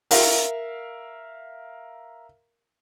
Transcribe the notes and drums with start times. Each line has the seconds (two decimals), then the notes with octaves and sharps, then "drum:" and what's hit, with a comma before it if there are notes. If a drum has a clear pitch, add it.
0.11 A#4 E5 F5, drum: open hi-hat